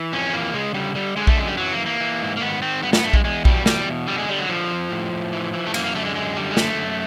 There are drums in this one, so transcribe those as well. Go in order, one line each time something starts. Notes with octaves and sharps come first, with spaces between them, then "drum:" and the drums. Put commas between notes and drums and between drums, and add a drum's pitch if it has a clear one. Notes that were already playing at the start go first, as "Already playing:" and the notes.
Already playing: E3
F2 C#4
E3 A#3
C#3 G#3
D3 G3
D3 G3
D3 G#3
A3, drum: kick A#1
F#2 G#3
G3
E3 F#3
A#3
E3
A#3
E3
G#2
A#3
D#3 B3
D#3 C4
G2 B3
B3, drum: snare
G2 A3
G#3, drum: kick A#1
E2 G#3
B2 G3, drum: kick A#1
E2 G3, drum: snare
B2
D3 G3
G#3
D3 G3
F#3
D3 F3
F2
A2
A2
E3
E3
A3
F#2 A#3, drum: cymbal
A#3
D3 A3
G#3
F#2 G#3
D3 G3
G#3
F#2 A3, drum: snare
F#2